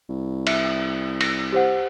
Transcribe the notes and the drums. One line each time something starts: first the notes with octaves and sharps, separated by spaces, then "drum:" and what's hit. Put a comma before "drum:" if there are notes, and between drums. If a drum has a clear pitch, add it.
C2
E5, drum: cymbal
A#6, drum: cymbal
G4 C5 F#5